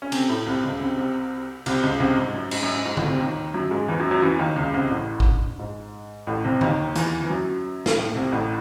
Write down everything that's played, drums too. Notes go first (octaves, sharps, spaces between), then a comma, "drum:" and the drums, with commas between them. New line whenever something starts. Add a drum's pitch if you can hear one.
C#4
C3 C4, drum: cymbal
A2 A3
C2 C3
C#2 C#3
C2 C3
C2 C3
C2 C3, drum: cymbal
C#2 C#3
C2 C3
G#2
F#2
G#2, drum: cymbal
F#2
G#2
G#2
A1 A2, drum: tom D3
C2 C3
D#2 D#3
F#2 F#3
G#2 G#3
E2 E3
F#2 F#3
F#2 F#3
E2 E3
D#2 D#3
C#2 C#3
C2 C3
A1 A2
drum: kick G#1
G#2
A1 A2
C2 C3
D#2 D#3, drum: tom D3
E2 E3, drum: hi-hat
E3
F#2 F#3
drum: snare
A2 A3
C2 C3
A1 A2